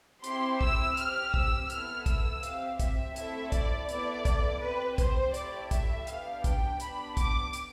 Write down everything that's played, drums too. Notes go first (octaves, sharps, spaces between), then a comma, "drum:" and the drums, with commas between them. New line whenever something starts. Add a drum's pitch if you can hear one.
C4 E4 G4 C6, drum: hi-hat
E6, drum: kick
C4 G4 F6, drum: hi-hat
E6, drum: kick
B3 E4 A4 F6, drum: hi-hat
E6, drum: kick, hi-hat
C4 G4 F5, drum: hi-hat
E5, drum: kick, hi-hat
A3 C4 E4 A4 E5, drum: hi-hat
D5, drum: kick, hi-hat
B3 E4 A4 D5, drum: hi-hat
drum: kick, hi-hat
C4 G4 B4
C5, drum: kick, hi-hat
A3 E4 G4 D5, drum: hi-hat
E5, drum: kick, hi-hat
B3 D4 G4 F5, drum: hi-hat
G5, drum: kick, hi-hat
B3 D4 G4 B5, drum: hi-hat
D6, drum: kick, hi-hat
drum: hi-hat